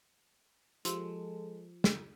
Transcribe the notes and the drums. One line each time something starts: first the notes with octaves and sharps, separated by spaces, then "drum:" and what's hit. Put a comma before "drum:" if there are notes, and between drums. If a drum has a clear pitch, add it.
F3 G#3 G4 A4 C6, drum: hi-hat
drum: snare